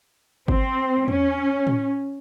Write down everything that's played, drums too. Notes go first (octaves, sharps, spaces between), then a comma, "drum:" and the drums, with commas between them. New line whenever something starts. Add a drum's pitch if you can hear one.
C4, drum: kick G1
C#4, drum: tom E2
drum: tom A2